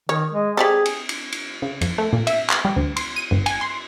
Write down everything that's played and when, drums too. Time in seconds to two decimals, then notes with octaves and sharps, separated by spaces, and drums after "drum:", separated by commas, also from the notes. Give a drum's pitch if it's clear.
0.09 D#3 C#5
0.32 G#3
0.57 G3 C4 G#4 A4
0.85 drum: cymbal
1.09 drum: cymbal
1.32 drum: cymbal
1.62 C#3
1.81 F2, drum: cymbal
1.98 A3
2.13 A#2
2.27 E5, drum: cymbal
2.50 drum: clap
2.65 G3
2.76 D2
2.96 C6, drum: cymbal
3.16 D#7
3.31 G1
3.46 G#5, drum: cymbal
3.61 C6